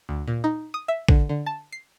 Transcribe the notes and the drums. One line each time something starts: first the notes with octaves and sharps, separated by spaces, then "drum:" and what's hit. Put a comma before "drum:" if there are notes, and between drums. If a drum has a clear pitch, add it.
D2
A#2
D#4
D#6
E5
D3, drum: kick
D3
A5
C7